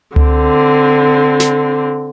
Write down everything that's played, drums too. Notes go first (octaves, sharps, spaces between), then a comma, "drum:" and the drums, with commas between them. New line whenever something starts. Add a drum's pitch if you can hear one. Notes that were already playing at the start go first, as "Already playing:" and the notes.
D3 C4, drum: tom C#2
drum: snare